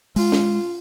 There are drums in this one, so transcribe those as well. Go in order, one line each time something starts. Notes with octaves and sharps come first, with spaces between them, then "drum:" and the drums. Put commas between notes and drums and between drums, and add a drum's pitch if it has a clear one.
G#3 F4, drum: open hi-hat
drum: snare